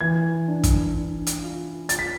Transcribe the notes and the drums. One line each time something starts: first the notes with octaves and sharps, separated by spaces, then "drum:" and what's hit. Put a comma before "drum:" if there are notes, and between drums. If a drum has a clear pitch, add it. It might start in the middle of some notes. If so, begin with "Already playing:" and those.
E3 G#6
D4
drum: kick, hi-hat
D4
drum: hi-hat
F4
F4 A6, drum: hi-hat
B6